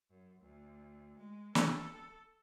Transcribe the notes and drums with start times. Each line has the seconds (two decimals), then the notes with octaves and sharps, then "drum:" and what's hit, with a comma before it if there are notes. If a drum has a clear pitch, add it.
0.10 F#2
0.41 D2
1.17 G#3
1.55 A4, drum: snare